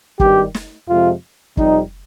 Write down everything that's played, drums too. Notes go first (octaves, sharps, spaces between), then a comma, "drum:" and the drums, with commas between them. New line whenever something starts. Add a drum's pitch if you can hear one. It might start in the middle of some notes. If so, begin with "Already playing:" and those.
G#1 G2 D#3 G3 G4, drum: kick
drum: snare
F2 C3 F3 G#3 F4
F2 C3 G3 D#4, drum: kick